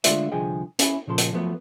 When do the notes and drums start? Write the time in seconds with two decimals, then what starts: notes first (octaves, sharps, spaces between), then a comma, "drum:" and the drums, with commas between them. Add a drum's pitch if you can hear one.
0.04 D3 G#3 A3 F4 D5 E5, drum: hi-hat
0.32 C2 D3 F3 G#4 D#5 G5
0.79 C#4 E4 G4, drum: hi-hat
1.07 A#2 C#3 F3 A4 C6
1.18 drum: hi-hat
1.33 F3 F#3 A3 B3